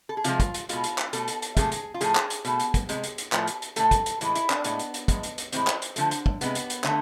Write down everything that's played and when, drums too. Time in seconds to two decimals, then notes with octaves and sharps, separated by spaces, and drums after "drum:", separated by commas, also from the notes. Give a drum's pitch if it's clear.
0.09 A4
0.17 G#4
0.24 C3 F3 G#3 F4, drum: hi-hat
0.40 drum: kick, hi-hat
0.54 drum: hi-hat
0.69 B2 G#3 F4, drum: hi-hat
0.84 drum: hi-hat
0.98 drum: clap
1.13 B2 A3 A4, drum: hi-hat
1.28 drum: hi-hat
1.42 drum: hi-hat
1.57 C3 F3 A3 G#4, drum: kick, hi-hat
1.72 drum: hi-hat
1.94 F4
2.01 A2 F3 A3 G#4, drum: hi-hat
2.15 drum: clap
2.30 drum: hi-hat
2.45 B2 A3, drum: hi-hat
2.59 drum: hi-hat
2.74 drum: kick, hi-hat
2.89 C3 G#3, drum: hi-hat
3.03 drum: hi-hat
3.18 drum: hi-hat
3.32 A2 F3 A3, drum: clap
3.47 drum: hi-hat
3.62 drum: hi-hat
3.76 A2 E3 A3 A4, drum: hi-hat
3.91 drum: kick, hi-hat
4.06 drum: hi-hat
4.21 A2 E3 G#3, drum: hi-hat
4.35 E4, drum: hi-hat
4.50 D4, drum: clap
4.64 A2 G#3 B3, drum: hi-hat
4.79 drum: hi-hat
4.94 drum: hi-hat
5.08 A2 G#3, drum: kick, hi-hat
5.23 drum: hi-hat
5.38 drum: hi-hat
5.52 A2 E3 G#3 C4, drum: hi-hat
5.67 drum: clap
5.82 drum: hi-hat
5.96 D3 F3 A3, drum: hi-hat
6.11 drum: hi-hat
6.26 drum: kick
6.41 C3 G#3 B3, drum: hi-hat
6.55 drum: hi-hat
6.70 drum: hi-hat
6.84 D3 A3, drum: clap